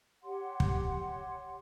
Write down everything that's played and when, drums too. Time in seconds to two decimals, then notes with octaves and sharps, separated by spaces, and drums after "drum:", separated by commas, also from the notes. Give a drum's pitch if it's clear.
0.23 G4 C#5 F#5 C6
0.60 drum: kick